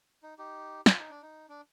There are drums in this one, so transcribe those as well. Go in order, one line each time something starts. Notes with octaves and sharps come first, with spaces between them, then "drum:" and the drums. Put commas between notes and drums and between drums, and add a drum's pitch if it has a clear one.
D#4
D#4 G4
F4, drum: snare
D#4
D4
D#4
D4